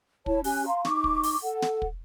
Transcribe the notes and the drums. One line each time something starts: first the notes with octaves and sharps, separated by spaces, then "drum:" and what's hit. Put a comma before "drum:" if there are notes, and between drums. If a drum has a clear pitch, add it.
E4 C#5 A5, drum: kick
C#4 G4 G#5 F#6, drum: open hi-hat
F5 A#5 C6
D#4 C#6 D6, drum: snare
drum: kick
drum: open hi-hat
A4 F#5
drum: snare
drum: kick